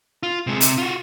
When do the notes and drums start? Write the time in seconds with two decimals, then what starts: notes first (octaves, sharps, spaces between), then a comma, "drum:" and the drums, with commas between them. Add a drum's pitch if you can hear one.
0.23 F4
0.47 C3 G#3
0.61 C3, drum: hi-hat
0.78 F4 F#4